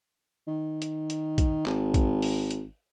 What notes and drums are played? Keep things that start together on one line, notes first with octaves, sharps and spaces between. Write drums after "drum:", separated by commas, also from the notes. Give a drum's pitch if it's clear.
D#3
drum: hi-hat
drum: hi-hat
drum: kick, hi-hat
G#1, drum: clap
drum: kick, hi-hat
drum: open hi-hat
drum: hi-hat